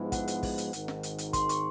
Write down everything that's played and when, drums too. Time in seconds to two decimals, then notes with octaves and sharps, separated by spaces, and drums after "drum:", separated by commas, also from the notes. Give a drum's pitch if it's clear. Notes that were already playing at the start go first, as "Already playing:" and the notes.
Already playing: G#2 F3 G#3 B3 E4
0.12 F#5, drum: kick, hi-hat
0.28 drum: hi-hat
0.43 drum: kick, open hi-hat
0.58 drum: hi-hat
0.73 G#1 G#2 D#3, drum: hi-hat
0.88 drum: snare
1.03 drum: hi-hat
1.18 drum: hi-hat
1.33 C6, drum: kick, hi-hat
1.49 C#6, drum: hi-hat